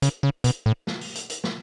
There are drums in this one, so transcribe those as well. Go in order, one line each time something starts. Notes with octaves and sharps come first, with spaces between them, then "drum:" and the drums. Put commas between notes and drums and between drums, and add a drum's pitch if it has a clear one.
C#3, drum: hi-hat
C#3
B2, drum: hi-hat
A2
drum: snare
drum: open hi-hat
drum: hi-hat
drum: hi-hat
drum: snare